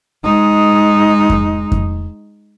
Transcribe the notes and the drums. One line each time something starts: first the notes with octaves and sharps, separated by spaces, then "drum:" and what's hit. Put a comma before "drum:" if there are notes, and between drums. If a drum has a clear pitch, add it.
G#3 D#4
drum: kick F2
drum: kick F2